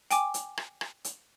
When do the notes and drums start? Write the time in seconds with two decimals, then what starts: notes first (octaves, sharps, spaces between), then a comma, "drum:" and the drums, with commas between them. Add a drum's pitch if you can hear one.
0.11 G5 G#5 D6, drum: hi-hat
0.34 drum: hi-hat
0.57 drum: rim click
0.81 drum: rim click
1.04 drum: hi-hat